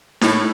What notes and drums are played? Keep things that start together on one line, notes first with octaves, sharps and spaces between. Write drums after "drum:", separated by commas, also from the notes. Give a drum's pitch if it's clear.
A2, drum: snare D#4